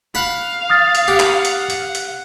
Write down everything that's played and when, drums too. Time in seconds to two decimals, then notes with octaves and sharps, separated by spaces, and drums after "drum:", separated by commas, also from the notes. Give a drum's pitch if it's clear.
0.15 F5 F#5 B5
0.70 D#6 F6 A6
0.95 drum: hi-hat
1.08 G4 F#5
1.20 drum: clap
1.45 drum: hi-hat
1.70 drum: hi-hat
1.95 drum: hi-hat